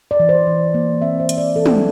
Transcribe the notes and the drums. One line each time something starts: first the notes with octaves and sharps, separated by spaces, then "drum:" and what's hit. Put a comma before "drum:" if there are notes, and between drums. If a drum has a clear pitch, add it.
D5
E3
C5
E3
A#3
C4 E5
C5
E3, drum: hi-hat
D5
E3 A4
drum: tom